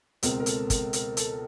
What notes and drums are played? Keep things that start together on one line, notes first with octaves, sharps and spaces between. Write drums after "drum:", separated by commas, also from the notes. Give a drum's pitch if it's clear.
C#2 B2 G#3 C4 A#4, drum: hi-hat
A#4
A4, drum: hi-hat
A#4, drum: kick, hi-hat
A#4, drum: hi-hat
A4, drum: hi-hat